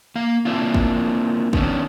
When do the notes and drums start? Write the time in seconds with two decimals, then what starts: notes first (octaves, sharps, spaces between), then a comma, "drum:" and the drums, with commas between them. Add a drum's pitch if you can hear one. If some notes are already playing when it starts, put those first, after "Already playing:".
0.16 A#3 F5
0.45 A#3 C4 D4 E4 F4
0.74 drum: kick
1.53 D#3 B3 C#4 D4, drum: kick